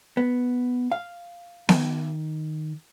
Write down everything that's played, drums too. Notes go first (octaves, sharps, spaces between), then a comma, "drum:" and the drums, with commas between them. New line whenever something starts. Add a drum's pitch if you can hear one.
B3
F5
D#3, drum: snare B3